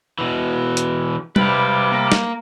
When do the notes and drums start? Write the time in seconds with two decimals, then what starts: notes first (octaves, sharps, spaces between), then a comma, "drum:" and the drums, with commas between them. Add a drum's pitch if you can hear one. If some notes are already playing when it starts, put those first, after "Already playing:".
0.19 B2 E3
0.77 drum: hi-hat
1.36 C3 G3 B4 F5 D6, drum: tom
1.92 A#3
2.12 drum: snare